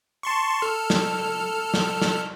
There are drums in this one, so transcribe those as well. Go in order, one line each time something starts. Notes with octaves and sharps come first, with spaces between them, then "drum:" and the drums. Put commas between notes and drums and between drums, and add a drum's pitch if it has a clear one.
A5 C6 C#6
A4 F6
drum: snare
drum: snare
drum: snare